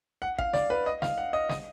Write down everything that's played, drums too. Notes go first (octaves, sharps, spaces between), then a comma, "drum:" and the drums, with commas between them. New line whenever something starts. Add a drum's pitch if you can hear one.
F#5
F5, drum: kick A1
D5, drum: snare
B4
D#5
F5, drum: snare
F#5
D#5
D#5, drum: snare